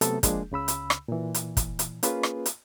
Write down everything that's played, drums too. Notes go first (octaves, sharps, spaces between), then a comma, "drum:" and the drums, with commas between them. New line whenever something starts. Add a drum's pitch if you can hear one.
C3 F#3 A3 B3 A4, drum: hi-hat
F3 G#3 A#3 D4 G#4, drum: kick, hi-hat
C#2 C#3 B5 E6
drum: hi-hat
drum: rim click
A#2 E3
drum: hi-hat
drum: kick, hi-hat
drum: hi-hat
A#3 C#4 F4 G#4 B4, drum: hi-hat
drum: rim click
drum: hi-hat